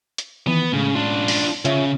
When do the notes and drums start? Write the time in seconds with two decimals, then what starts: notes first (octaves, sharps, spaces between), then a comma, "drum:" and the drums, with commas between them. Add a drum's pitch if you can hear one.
0.18 drum: hi-hat
0.47 D#3 E3 B3
0.73 A2 C#3 G#3 C#4
0.95 D4 F4
1.28 drum: open hi-hat
1.65 C#3 F4 C#5 E5, drum: hi-hat